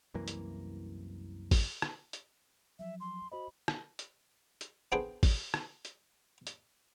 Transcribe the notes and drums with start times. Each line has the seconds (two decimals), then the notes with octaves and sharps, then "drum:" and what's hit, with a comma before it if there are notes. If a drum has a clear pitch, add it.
0.14 C2 F#2 E3 A#3
0.28 drum: hi-hat
1.51 drum: kick G#1, open hi-hat
1.82 drum: rim click
2.13 drum: hi-hat
2.79 F3 F#3 E5
3.00 C6
3.32 F#4 C5 D#5 B5
3.68 drum: rim click
3.99 drum: hi-hat
4.61 drum: hi-hat
4.92 B3 C4 D4 G#4 A4 G5
5.23 drum: kick G#1, open hi-hat
5.54 drum: rim click
5.85 drum: hi-hat
6.47 drum: hi-hat